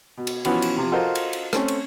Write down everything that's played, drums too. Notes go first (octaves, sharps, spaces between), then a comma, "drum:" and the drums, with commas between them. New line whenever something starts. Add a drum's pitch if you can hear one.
B2
drum: cymbal
B2 E3 F3 B3 C#4, drum: cymbal
drum: cymbal
C3 F3
F4 F#4 A4 A#4 C5 D#5
drum: cymbal
drum: cymbal
A3 C4 C#4, drum: rim click
drum: cymbal